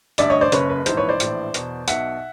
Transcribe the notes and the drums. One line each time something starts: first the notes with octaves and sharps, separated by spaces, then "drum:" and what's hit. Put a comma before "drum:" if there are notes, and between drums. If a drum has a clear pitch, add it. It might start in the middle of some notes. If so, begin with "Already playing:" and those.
A1 G2 D3 D5 E5, drum: hi-hat
C#5 D#5
C5 D5
F#1 F#2 C#3 B4 C#5, drum: hi-hat
B4
A#1 G#2 E3 C5, drum: hi-hat
B4 C#5
C5 D5
A#1 A2 E3, drum: hi-hat
E2 B2, drum: hi-hat
B1 B2 E5 F#5, drum: hi-hat